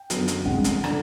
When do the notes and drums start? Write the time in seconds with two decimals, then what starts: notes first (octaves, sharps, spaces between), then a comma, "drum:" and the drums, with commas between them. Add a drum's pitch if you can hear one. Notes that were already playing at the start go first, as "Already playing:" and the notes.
Already playing: G5
0.10 F#2 D3 F#3 B3, drum: hi-hat
0.28 drum: hi-hat
0.45 C#2 C3 E3 G#3 F#5, drum: kick
0.64 drum: hi-hat
0.84 D3 G3 A#3, drum: rim click